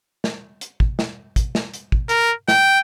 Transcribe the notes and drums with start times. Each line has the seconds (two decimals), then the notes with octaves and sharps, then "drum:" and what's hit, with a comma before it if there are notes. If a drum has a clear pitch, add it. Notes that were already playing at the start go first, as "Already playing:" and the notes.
0.24 drum: snare
0.61 drum: hi-hat
0.80 drum: kick
0.99 drum: snare
1.36 drum: kick, hi-hat
1.55 drum: snare
1.74 drum: hi-hat
1.92 drum: kick
2.09 A#4, drum: hi-hat
2.48 G5, drum: snare